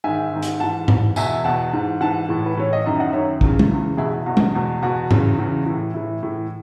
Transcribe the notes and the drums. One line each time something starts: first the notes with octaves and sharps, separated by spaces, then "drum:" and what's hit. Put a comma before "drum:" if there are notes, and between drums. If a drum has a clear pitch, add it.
G#2 D#3 E5 G#5
G#2 D#3
drum: hi-hat
G#2 E3 F#5 A5
G#2 E3, drum: tom G#2
E2 B2 E5 G#5, drum: tambourine
E2 B2 F#5 A5
G#2 E3
G#2 E3 F#5 A5
A2 E3
B4
A2 E3 C#5
D#5
F#2 D#3 E5
D#5 F#5
F#2 D#3 C#5 E5
E2 C#3 E3, drum: kick
drum: tom
E2 C#3 E3
E2 B2 E4 G#4
E4
E2 B2 F#4
drum: tom
E2 B2
E2 B2 F#4
E2 C#3 E3, drum: tom G#2
E2 C#3 E3
A2 E3
A2 E3 E4
A2 E3